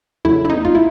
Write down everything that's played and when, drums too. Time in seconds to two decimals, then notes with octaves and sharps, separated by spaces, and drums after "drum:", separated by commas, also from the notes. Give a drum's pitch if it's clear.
0.25 E2 C#3 F#3 A3 E4
0.45 E4, drum: tom
0.50 D#4
0.65 F4, drum: kick
0.75 E4